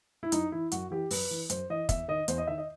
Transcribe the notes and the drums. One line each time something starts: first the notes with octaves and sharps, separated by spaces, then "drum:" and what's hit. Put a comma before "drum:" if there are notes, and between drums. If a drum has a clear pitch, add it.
E4
F#2 D#4, drum: hi-hat
E3 E4
F#2 F#4, drum: hi-hat
E3 G4
F#2 B4, drum: open hi-hat
E3
F#2 C5, drum: hi-hat
E3 D#5
E2 E5, drum: kick, hi-hat
D#3 D#5
E2 C5, drum: hi-hat
D#5
D#3 E5
D#5